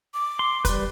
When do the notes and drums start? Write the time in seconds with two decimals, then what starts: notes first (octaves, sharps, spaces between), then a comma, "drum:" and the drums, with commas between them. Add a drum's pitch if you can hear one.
0.14 D6
0.39 C6
0.65 G3 B4, drum: kick, hi-hat